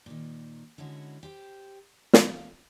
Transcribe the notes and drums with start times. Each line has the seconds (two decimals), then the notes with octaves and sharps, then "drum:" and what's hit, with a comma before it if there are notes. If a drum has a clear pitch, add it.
0.06 A#2 D#3
0.78 D3 G#3 C#4 E4 F#4
1.23 G4 C5 G5
2.13 E2 F5, drum: snare